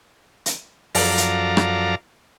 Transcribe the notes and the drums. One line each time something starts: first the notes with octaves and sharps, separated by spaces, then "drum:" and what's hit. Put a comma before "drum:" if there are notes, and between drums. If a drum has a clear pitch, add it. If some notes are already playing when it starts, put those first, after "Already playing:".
drum: hi-hat
F#2 F3 A4 D5 F5 A#5, drum: open hi-hat
drum: hi-hat
drum: rim click